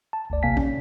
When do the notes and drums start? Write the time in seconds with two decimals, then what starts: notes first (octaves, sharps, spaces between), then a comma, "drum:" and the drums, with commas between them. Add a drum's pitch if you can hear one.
0.13 A5
0.30 G1 D2 D5
0.43 A#1 C3 A#3 F5 G#5 B6
0.57 C#4, drum: kick